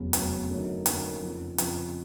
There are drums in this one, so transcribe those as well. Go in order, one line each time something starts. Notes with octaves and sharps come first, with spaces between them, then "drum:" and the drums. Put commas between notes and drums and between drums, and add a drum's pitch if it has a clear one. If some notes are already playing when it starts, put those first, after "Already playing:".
Already playing: F1 E2 C#3 F#3 B3
F1 E2 C#3 F#3 B3, drum: hi-hat
F#2 D3 F#3 A#3 D#4
F#2 D3 F#3 A#3 D#4, drum: hi-hat
F2 C#3 F3
F2 C#3 F3, drum: hi-hat